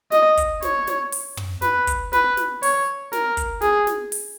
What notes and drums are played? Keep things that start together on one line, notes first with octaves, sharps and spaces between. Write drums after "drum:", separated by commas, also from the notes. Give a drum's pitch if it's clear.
D#5, drum: snare
drum: kick, hi-hat
C#5, drum: snare
drum: snare
drum: open hi-hat
drum: tom
B4, drum: snare
drum: kick, hi-hat
B4, drum: snare
drum: snare
C#5, drum: open hi-hat
A#4, drum: snare
drum: kick, hi-hat
G#4, drum: snare
drum: snare
drum: open hi-hat